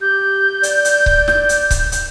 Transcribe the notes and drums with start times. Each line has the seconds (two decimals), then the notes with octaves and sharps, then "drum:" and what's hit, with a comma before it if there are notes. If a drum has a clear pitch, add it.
0.01 G4 G6
0.63 D5, drum: hi-hat
0.85 drum: hi-hat
1.06 drum: kick C#1
1.28 drum: snare
1.49 drum: hi-hat
1.71 drum: kick C#1, hi-hat
1.92 drum: hi-hat